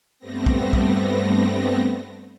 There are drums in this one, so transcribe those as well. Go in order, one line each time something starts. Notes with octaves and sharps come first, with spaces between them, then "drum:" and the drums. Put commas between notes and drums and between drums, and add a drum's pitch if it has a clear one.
G2 G3 A3 B3 C4 A#6
drum: kick
drum: kick